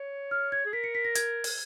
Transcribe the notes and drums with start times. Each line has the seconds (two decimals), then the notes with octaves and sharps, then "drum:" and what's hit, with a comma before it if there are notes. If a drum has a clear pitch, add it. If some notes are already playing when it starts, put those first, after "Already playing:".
Already playing: C#5
0.31 F6
0.52 G#6
0.66 G#4
0.73 A#4 B6
0.84 C#7
0.95 B6
1.05 A#6
1.15 G#6, drum: hi-hat
1.44 drum: open hi-hat